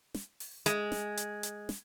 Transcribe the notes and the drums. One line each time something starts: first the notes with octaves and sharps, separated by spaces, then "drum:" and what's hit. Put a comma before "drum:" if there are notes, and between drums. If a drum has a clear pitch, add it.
drum: snare
drum: open hi-hat
G#3, drum: hi-hat
drum: snare
drum: hi-hat
drum: hi-hat
drum: snare